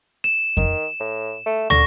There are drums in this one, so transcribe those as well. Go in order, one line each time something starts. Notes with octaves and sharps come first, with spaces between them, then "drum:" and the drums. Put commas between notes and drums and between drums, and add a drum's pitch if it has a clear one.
E7
D#3, drum: kick F2
A2
A3
D3 C#6 A#6, drum: tom